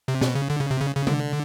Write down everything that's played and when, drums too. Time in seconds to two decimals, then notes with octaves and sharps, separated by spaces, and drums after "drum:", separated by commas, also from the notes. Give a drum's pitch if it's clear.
0.08 C3
0.21 B2, drum: snare
0.35 C#3
0.50 D3
0.60 C#3
0.71 C3
0.80 C#3
0.96 C#3
1.07 D3, drum: tom C3